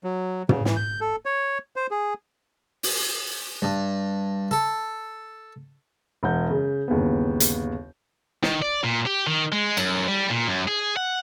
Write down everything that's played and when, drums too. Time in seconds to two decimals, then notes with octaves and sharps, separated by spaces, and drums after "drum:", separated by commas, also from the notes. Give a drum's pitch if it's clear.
0.04 F#3
0.49 C#3, drum: tom
0.65 E3, drum: snare
0.76 G6
1.01 A4
1.25 C#5
1.76 C5
1.91 G#4
2.83 drum: open hi-hat
3.62 G2
4.51 A4
6.23 E1 F#5 G6
6.50 C#3
6.88 G1 D#2 C#3 B3
7.40 drum: hi-hat
8.43 D#3, drum: snare
8.62 D5
8.84 A#2
9.06 G4
9.27 D#3
9.52 G#3
9.77 F#2, drum: cymbal
10.08 G3
10.31 A#2
10.48 F#2
10.68 G#4
10.97 F#5